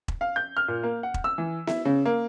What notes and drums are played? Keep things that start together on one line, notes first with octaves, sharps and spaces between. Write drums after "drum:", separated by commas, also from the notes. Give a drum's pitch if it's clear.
drum: kick E1
F5
G6
F6
A#2
A#3
F#5
drum: kick E1
E6
E3
E4, drum: snare B3
C#3
A#3